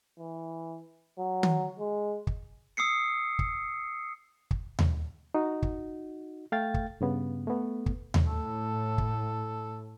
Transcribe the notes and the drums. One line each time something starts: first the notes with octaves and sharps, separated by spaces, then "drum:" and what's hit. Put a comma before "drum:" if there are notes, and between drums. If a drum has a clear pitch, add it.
E3
F#3
drum: tom D#3
G#3
drum: kick
D#6 E6 C7 C#7
drum: kick
drum: kick
drum: tom D#2
D#4 F#4
drum: kick
A3 F5 G5 A6
drum: kick
G2 C#3 B3
A3 B3
drum: kick
drum: tom D#2
A2 A4
drum: kick